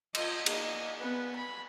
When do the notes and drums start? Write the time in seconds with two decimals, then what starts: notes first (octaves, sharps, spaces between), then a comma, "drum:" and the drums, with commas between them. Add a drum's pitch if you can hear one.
0.15 F4 D#5, drum: cymbal
0.46 A#3 D#5, drum: cymbal
1.00 B3 B4
1.36 B5